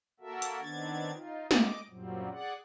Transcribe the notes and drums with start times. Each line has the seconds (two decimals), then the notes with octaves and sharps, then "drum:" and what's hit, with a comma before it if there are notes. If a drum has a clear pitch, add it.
0.20 A#3 F#4 A4 A#4 E5
0.42 drum: hi-hat
0.61 D#3 B3 C4 D4 G#6 A6
1.13 D#4 F4
1.51 D#5 D6, drum: snare
1.89 F#2 A#2 F#3 G3 C4
2.31 G#4 D5 F#5